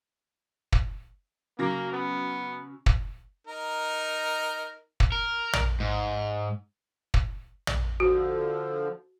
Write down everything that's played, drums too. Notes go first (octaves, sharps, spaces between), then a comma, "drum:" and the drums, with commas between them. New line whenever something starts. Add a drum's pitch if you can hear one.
drum: kick
C#3 F#3 A#3 A#6
B3
drum: kick
D#4 A#4
drum: kick
A#4
drum: tom
G#2
drum: kick
drum: tom
D3 F3 F#4